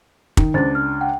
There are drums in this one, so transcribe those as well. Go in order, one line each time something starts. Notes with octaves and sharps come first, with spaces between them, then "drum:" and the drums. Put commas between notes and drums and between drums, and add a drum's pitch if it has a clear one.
D#3, drum: kick
C#2 D4 C5 A6
F6
F#5 G5